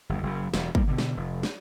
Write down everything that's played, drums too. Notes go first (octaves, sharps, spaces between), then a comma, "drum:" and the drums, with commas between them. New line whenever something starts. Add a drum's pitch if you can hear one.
G1 D#2
F#1 C#3
E1, drum: snare
G3 A#3, drum: kick
B2 D3
drum: snare
F1
drum: snare